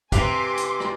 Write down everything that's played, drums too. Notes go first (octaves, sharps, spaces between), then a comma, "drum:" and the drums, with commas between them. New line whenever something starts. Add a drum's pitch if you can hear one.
C3 G4 B4 F5 G#5 C6 D6, drum: kick, hi-hat
drum: hi-hat
drum: rim click